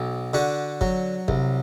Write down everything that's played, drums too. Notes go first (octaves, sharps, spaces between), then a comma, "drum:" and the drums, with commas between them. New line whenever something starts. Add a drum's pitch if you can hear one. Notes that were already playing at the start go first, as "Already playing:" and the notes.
Already playing: B1
D3 D4 F#4
F#3, drum: kick
C2, drum: kick